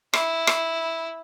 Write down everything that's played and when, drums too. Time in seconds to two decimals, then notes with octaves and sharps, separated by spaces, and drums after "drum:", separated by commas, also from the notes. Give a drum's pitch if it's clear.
0.13 E4, drum: rim click
0.47 drum: rim click